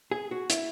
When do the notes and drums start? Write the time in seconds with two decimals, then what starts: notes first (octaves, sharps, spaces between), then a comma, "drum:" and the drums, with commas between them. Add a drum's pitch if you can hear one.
0.11 G#4
0.31 F#4
0.50 E4, drum: hi-hat